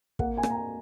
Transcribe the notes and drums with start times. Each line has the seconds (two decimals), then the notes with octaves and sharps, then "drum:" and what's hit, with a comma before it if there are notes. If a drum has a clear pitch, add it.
0.19 A#3 F#5, drum: kick
0.37 G#5
0.43 A#3, drum: rim click
0.50 A#5
0.55 G#5